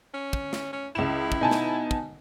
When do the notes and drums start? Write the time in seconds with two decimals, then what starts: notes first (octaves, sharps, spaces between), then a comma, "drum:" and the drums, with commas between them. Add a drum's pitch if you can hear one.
0.14 C#4
0.33 drum: kick
0.53 drum: snare
0.73 C#4
0.95 C#2 E4 E7
1.32 drum: kick
1.41 B2 D#4 G#5 A5
1.51 drum: snare
1.91 drum: kick